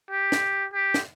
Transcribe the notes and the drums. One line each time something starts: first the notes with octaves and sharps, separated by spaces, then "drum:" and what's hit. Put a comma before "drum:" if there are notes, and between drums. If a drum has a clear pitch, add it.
G4
drum: snare
G4
drum: snare